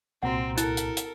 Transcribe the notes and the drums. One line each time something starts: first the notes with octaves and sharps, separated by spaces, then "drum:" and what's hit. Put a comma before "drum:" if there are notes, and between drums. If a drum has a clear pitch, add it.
C2 A#2 C4 F#4 F#5 A#5
E4 A4 A#4, drum: hi-hat
drum: hi-hat
drum: hi-hat